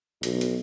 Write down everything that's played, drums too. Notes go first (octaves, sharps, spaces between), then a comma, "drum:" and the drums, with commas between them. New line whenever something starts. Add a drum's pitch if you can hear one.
B1, drum: hi-hat
drum: hi-hat